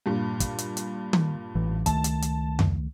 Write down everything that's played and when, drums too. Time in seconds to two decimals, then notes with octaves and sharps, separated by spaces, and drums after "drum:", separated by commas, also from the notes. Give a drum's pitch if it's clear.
0.06 G2 A#2
0.40 drum: kick, hi-hat
0.58 drum: hi-hat
0.77 drum: hi-hat
1.13 drum: tom D#3
1.55 A1 E3
1.86 C#2 D#3 A3 A5, drum: kick, hi-hat
2.04 drum: hi-hat
2.22 drum: hi-hat
2.59 drum: tom F2